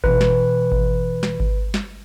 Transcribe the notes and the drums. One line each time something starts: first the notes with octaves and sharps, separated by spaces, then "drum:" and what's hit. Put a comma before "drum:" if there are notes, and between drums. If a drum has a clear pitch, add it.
B2 E3 B4, drum: kick G#1
drum: snare
drum: kick G#1
drum: snare
drum: kick G#1
drum: snare